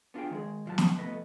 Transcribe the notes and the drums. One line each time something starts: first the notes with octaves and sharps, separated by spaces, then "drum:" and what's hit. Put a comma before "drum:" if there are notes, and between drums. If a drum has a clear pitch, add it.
B3 D4 F4 G4 G#4 G5
D#3 G#3 G#4
A#2 F3 F#3 A5
B2, drum: snare
C2 F2 A3 B3 B4 D#5